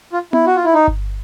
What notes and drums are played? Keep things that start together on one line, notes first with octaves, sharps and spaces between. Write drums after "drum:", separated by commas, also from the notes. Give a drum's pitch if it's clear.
F4
E4, drum: tom B3
F#4
F4
E4
D#4
drum: kick G1